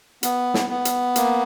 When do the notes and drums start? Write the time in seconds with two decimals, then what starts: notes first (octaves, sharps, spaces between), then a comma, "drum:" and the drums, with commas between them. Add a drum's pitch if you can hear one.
0.23 B3, drum: hi-hat
0.54 drum: snare
0.70 B3
0.85 drum: hi-hat
1.16 A#3, drum: hi-hat